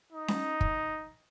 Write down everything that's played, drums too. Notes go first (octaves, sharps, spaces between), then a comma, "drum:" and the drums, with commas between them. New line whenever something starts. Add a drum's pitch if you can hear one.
D#4
drum: snare C#4
drum: kick